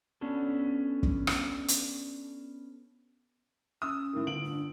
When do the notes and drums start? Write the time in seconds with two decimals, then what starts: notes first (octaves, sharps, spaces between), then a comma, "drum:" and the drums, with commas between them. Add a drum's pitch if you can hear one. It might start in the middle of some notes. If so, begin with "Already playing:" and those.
0.21 B3 C#4 D4 F#4 A4
1.03 drum: kick
1.27 drum: rim click
1.68 drum: hi-hat
3.82 C#4 D#6 E6
4.13 A2 D#3
4.27 G1 D7 F#7
4.45 D4